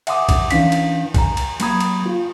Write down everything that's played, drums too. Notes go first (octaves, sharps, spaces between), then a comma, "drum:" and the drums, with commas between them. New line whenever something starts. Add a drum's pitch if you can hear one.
E5 F#5 G#5 C6 D6 D#6, drum: cymbal
drum: kick B1, cymbal
E3 C#4 D4 F5 B6, drum: cymbal
drum: cymbal
G#5 A#5, drum: kick B1, cymbal
drum: cymbal
F#3 A#3 A#5 B5 D#6 G#6, drum: cymbal
drum: cymbal
F4